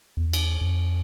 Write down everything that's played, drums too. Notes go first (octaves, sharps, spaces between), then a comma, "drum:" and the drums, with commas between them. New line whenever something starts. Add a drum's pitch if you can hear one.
E2
drum: cymbal
F2